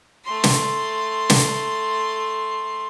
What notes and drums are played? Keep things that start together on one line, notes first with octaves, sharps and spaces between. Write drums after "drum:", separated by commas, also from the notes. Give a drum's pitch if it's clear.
A3 C6
drum: snare
drum: snare